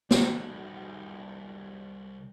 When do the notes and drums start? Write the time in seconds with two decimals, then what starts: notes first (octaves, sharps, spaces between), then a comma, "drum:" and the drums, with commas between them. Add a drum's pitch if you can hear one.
0.11 C2 F#4, drum: snare